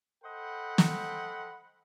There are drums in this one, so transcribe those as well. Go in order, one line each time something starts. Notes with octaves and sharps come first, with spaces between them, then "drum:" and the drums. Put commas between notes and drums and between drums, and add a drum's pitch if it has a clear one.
A4 C5 D#5 F#5 G5 B5
drum: snare